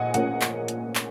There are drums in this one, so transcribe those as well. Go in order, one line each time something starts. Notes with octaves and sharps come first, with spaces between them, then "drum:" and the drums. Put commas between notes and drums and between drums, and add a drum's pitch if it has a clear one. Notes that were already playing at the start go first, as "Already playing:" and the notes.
Already playing: A#1 A#2 D#5 F#5 G#5
A#1 A#2 A#3 C#4 F#5, drum: hi-hat
drum: clap
drum: hi-hat
drum: clap